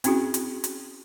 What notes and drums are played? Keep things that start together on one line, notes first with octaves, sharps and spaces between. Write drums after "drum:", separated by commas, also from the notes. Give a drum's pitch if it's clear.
C4 C#4 E4 F#4 G#4, drum: hi-hat
drum: hi-hat
drum: hi-hat